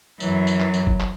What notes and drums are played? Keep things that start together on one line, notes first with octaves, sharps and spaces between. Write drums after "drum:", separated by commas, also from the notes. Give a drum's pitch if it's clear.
F#2 E3 F#3, drum: tambourine
drum: tambourine
drum: clap
drum: tambourine
drum: kick F#1
drum: clap